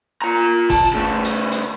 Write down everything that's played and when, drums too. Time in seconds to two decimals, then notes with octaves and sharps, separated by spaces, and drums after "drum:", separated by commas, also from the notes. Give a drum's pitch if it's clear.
0.22 F4 A#5
0.70 A5, drum: kick G1, open hi-hat
0.93 C#3 A3
1.24 drum: hi-hat
1.52 drum: hi-hat